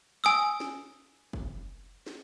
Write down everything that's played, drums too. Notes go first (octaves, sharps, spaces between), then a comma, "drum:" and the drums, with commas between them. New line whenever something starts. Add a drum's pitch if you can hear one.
G#5 D#6 E6
drum: snare
drum: kick
drum: snare